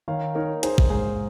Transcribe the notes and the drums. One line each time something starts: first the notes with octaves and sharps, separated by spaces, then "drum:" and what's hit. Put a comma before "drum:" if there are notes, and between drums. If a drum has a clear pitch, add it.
D#3 C#5 F5
D#4 A#4 C#5
D#4 G#4 C5, drum: hi-hat
drum: kick A1
G#2 G#4 C5